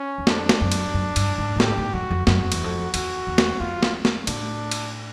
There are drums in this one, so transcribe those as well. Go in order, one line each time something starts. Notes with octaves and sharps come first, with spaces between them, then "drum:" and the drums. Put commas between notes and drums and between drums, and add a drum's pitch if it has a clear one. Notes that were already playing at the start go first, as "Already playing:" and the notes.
Already playing: C#4
E2
F2 D4, drum: snare
drum: snare
F#2
drum: cymbal
F#2
G2, drum: cymbal
G#2
G#2
A2 G4, drum: snare
G2
G#2
F2 F#4
F2
F#2 F#4, drum: snare
F2
E2, drum: cymbal
F2
E2 F#4, drum: cymbal
E2
drum: snare
F2 F4
drum: snare
drum: snare
A2 D4, drum: cymbal
drum: cymbal